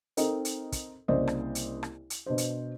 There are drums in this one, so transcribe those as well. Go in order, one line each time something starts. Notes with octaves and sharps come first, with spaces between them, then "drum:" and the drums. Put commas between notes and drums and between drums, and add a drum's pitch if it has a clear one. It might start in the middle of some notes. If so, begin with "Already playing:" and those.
C4 D#4 A4 A#4 D#5, drum: hi-hat
drum: hi-hat
drum: kick, hi-hat
C2 C#3 A#3 C5 D5 D#5
drum: rim click
drum: hi-hat
drum: rim click
drum: hi-hat
B2 D4 C5
drum: hi-hat